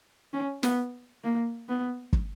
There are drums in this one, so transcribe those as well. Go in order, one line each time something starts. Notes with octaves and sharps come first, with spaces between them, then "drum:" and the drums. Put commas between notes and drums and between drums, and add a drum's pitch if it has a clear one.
C#4
B3, drum: snare
A#3
B3
drum: kick